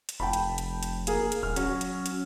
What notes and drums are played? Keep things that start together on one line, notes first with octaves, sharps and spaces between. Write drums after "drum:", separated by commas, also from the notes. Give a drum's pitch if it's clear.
drum: hi-hat
F1 G5 A5 B5
drum: hi-hat
drum: hi-hat
drum: hi-hat
A#3 G#4 A#4, drum: hi-hat
drum: hi-hat
D#1 F6
F#3 C#4, drum: hi-hat
drum: hi-hat
drum: hi-hat